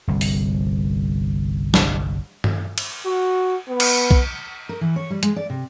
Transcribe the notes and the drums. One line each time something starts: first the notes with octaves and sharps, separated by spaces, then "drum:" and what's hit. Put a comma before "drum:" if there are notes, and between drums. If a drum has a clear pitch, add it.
G1 C2
drum: open hi-hat
drum: snare
drum: tom G2
drum: cymbal
F#4
B3
drum: cymbal
drum: kick B1
A#4
E3
C#5
G3
G#3, drum: hi-hat
D5
C3